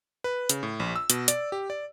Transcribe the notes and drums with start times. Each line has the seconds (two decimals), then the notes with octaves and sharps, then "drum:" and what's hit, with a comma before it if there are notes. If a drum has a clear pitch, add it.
0.24 B4
0.49 C#3, drum: hi-hat
0.63 A2
0.80 A#1
0.96 E6
1.10 B2, drum: hi-hat
1.28 D5, drum: hi-hat
1.52 G4
1.70 D5